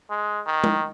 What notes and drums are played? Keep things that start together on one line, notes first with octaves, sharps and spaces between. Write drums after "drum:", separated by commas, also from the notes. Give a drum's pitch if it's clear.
G#3
D#3
drum: tom G#3